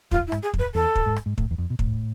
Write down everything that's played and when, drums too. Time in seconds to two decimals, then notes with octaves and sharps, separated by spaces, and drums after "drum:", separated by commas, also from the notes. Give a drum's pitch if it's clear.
0.11 F2 F4, drum: kick
0.27 E4
0.32 G#2, drum: rim click
0.43 G#4
0.54 F2, drum: kick
0.59 B4
0.74 E2 A4
0.95 drum: kick
1.06 G#2
1.16 drum: rim click
1.26 G#2
1.38 A2, drum: kick
1.51 E2
1.58 F2
1.70 B2
1.79 A2, drum: kick